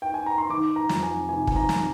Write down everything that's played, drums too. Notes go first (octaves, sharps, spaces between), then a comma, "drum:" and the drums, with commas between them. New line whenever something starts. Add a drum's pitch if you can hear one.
G5
G#5
A#5
C6
D#3 D6
A#5
F2, drum: snare
G#5
C3 G#5
G#5, drum: kick
A#5
D#3, drum: snare